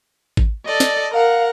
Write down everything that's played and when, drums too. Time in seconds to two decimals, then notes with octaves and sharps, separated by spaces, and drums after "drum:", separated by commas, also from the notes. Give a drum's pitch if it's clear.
0.37 drum: kick G#1
0.66 A4 D5 D#5
0.80 drum: snare
1.14 A#4 F5 F#5